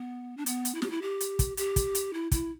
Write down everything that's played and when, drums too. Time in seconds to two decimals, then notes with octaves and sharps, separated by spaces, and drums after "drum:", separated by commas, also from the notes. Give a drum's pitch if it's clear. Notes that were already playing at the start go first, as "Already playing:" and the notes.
Already playing: B3
0.37 D4
0.46 B3, drum: hi-hat
0.65 drum: hi-hat
0.74 E4
0.82 G4, drum: snare
0.90 E4
1.02 G4
1.20 drum: hi-hat
1.39 drum: kick, hi-hat
1.57 G4, drum: hi-hat
1.76 drum: kick, hi-hat
1.95 drum: hi-hat
2.13 E4
2.32 E4, drum: kick, hi-hat